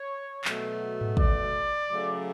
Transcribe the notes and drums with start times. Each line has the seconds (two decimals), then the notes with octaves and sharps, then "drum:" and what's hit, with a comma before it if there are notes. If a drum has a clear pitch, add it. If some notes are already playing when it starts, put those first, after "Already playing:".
Already playing: C#5
0.45 B2 F#3 A3, drum: clap
1.01 drum: tom G#2
1.17 D5, drum: kick
1.88 C#3 F#3 A3